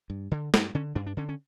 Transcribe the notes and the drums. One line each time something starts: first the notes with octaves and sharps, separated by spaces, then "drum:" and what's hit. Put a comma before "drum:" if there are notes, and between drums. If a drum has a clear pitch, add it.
G2
D3
G2, drum: snare
D3 C#4
G2 D4
D4
D3 C#4
C#4